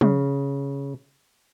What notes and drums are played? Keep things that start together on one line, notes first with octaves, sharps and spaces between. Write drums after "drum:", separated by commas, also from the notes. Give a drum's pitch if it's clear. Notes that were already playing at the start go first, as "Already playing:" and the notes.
C#3, drum: tom